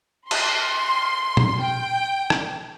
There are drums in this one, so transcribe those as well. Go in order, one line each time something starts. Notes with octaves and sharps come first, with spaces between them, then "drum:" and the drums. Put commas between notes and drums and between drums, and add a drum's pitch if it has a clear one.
C6, drum: cymbal
drum: tom A#2
G5
drum: rim click